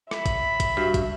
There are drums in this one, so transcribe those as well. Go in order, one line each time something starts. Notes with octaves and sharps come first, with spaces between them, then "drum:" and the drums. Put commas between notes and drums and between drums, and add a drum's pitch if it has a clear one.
E5 B5, drum: rim click
drum: kick, hi-hat
drum: kick, hi-hat
G2 F#4
drum: kick, hi-hat